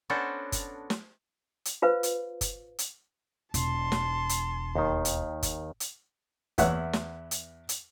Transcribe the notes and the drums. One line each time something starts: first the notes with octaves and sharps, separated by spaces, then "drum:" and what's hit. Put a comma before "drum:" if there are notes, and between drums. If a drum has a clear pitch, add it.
B3 C#4 D4 F#4 A4 C5
drum: kick F#1, hi-hat
drum: snare
drum: hi-hat
F4 B4 C5 F5
drum: hi-hat
drum: kick F#1, hi-hat
drum: hi-hat
E1 A5 C6, drum: kick F#1, hi-hat
drum: snare
drum: hi-hat
D#2 D#3
drum: hi-hat
drum: kick F#1, hi-hat
drum: hi-hat
E2 B4 C#5 E5 F#5 F#6, drum: kick F#1, hi-hat
drum: snare
drum: hi-hat
drum: hi-hat